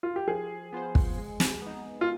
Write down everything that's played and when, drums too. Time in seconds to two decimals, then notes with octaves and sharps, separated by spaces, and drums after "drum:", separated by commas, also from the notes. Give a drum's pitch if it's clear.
0.03 F4
0.16 G4
0.28 F3 G#4
0.73 B3 F4 C5
0.95 drum: kick
1.18 G#3
1.40 drum: snare
1.62 B3 D#4
2.01 F4